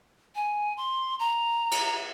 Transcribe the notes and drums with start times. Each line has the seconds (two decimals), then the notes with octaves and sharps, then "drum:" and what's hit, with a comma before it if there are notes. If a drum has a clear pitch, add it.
0.35 G#5
0.77 C6
1.19 A#5
1.71 drum: cymbal